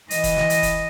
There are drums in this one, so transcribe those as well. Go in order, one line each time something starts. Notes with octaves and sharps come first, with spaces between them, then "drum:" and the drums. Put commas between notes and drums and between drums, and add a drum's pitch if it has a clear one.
E3 D#5, drum: hi-hat
drum: kick, hi-hat
drum: snare
drum: hi-hat
drum: kick, hi-hat